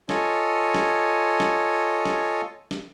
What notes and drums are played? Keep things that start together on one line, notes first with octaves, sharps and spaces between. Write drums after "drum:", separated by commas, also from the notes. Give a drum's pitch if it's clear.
F4 A4 C#5 D#5 G#5, drum: snare
drum: snare
drum: snare
drum: snare
drum: snare